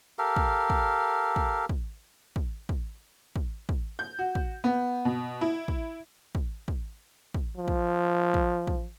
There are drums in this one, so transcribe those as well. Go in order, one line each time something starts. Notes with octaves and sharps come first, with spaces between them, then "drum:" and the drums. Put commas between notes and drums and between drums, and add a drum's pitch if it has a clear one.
G4 A4 A#4 F5
drum: kick
drum: kick
drum: kick
drum: kick
drum: kick
drum: kick
drum: kick
drum: kick
G6
F#4
drum: kick
B3
B2
E4
drum: kick
drum: kick
drum: kick
drum: kick
F3
drum: kick
drum: kick
drum: kick